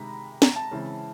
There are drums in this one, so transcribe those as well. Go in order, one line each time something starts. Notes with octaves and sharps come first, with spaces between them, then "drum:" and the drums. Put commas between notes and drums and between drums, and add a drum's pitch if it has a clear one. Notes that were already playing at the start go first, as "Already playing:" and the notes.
Already playing: C3 D#3 G#3 A#5 B5
A#5, drum: snare
A5
C#3 E3 G#3 C4